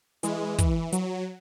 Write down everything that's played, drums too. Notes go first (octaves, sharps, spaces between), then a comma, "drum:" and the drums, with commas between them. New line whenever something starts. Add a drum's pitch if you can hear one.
E3 G#3, drum: hi-hat
E3, drum: kick, hi-hat
F#3, drum: hi-hat